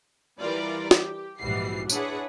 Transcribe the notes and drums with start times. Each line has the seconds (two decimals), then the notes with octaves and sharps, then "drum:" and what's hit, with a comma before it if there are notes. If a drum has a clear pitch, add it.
0.40 E3 G3 F4 A#4 B4 D5
0.91 G4, drum: snare
1.40 A#1 G#2 E3 G3 F#4 C7
1.90 D4 E4 G#4 B4 C#5 F#5, drum: tambourine